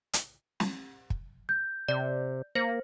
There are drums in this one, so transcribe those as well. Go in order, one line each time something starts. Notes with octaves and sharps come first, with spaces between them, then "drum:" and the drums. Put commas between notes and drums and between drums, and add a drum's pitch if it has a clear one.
drum: hi-hat
drum: snare
drum: kick
G6
C3 D5
A#3 C5 A#6